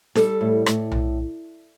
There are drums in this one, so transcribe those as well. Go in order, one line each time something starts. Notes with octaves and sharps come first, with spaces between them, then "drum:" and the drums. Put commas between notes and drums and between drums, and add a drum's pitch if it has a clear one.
G3 A4, drum: snare D#4
A2
A2, drum: rim click
drum: tom B1